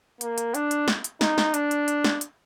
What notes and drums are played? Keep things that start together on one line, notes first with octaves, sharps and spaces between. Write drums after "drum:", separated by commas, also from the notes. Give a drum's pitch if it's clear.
A#3, drum: hi-hat
drum: hi-hat
D4, drum: hi-hat
drum: hi-hat
drum: snare
drum: hi-hat
D#4, drum: snare
drum: snare
D4, drum: hi-hat
drum: hi-hat
drum: hi-hat
drum: snare
drum: hi-hat